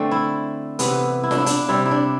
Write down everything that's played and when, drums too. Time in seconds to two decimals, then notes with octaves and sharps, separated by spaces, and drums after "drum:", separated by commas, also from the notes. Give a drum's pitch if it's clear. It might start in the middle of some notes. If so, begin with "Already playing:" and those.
Already playing: D3 A3 C4
0.11 E4
0.79 C3 E3 B3, drum: hi-hat
1.23 E4
1.31 D4, drum: snare F4
1.38 E4
1.46 D4, drum: hi-hat
1.68 C3 G3 C4 E4
1.86 E4
1.91 D4